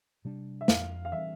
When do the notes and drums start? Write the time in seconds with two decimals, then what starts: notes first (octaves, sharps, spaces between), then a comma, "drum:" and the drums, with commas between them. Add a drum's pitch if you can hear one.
0.25 C3 G3 D4
0.61 E5
0.68 F2 F5, drum: snare
1.05 F5
1.12 E3 G3 C4 E5